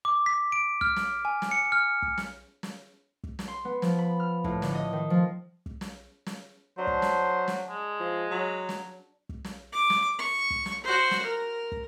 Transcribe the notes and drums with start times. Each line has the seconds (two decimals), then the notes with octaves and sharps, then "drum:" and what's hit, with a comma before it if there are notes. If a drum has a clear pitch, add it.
0.05 D6
0.26 B6
0.52 D7
0.81 F6, drum: kick
0.96 drum: snare
1.25 G#5
1.42 drum: snare
1.51 C#7
1.72 F6
2.02 drum: kick
2.18 drum: snare
2.63 drum: snare
3.24 drum: kick
3.39 drum: snare
3.48 C6
3.65 B3
3.82 F3, drum: snare
3.99 B5
4.20 F6
4.44 A2, drum: kick
4.62 D3, drum: snare
4.75 D#5
4.93 D#3
5.10 F3
5.66 drum: kick
5.81 drum: snare
6.26 drum: snare
6.78 F#3 D4 C5
6.87 drum: kick
7.02 drum: snare
7.48 drum: snare
7.70 G#3
8.00 F3
8.31 F#3
8.69 drum: snare
9.29 drum: kick
9.44 drum: snare
9.73 D6
9.90 drum: snare
10.19 C#6
10.51 drum: kick
10.66 drum: snare
10.84 F#4 C5
11.11 drum: snare
11.22 A#4
11.72 drum: kick